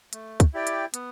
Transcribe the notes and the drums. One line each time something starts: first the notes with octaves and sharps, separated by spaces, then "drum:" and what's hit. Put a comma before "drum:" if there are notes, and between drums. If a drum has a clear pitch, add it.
A3, drum: hi-hat
drum: kick, hi-hat
E4 G4 D5 G5
drum: hi-hat
B3, drum: hi-hat